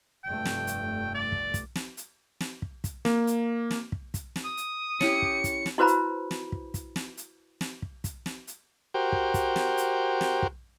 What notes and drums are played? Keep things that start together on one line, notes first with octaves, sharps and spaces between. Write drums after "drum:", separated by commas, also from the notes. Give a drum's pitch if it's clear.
F1 G2 A3 G5
drum: snare
drum: hi-hat
D5
drum: kick
drum: kick, hi-hat
drum: snare
drum: hi-hat
drum: snare
drum: kick
drum: kick, hi-hat
A#3, drum: snare
drum: hi-hat
drum: snare
drum: kick
drum: kick, hi-hat
drum: snare
D#6
drum: hi-hat
C#4 E4 G4 C#7, drum: snare
drum: kick
drum: kick, hi-hat
drum: snare
E4 F#4 B4 C5 A#5 B5
drum: hi-hat
drum: snare
drum: kick
drum: kick, hi-hat
drum: snare
drum: hi-hat
drum: snare
drum: kick
drum: kick, hi-hat
drum: snare
drum: hi-hat
F#4 G4 A#4 C5 G5
drum: kick
drum: kick, hi-hat
drum: snare
drum: hi-hat
drum: snare
drum: kick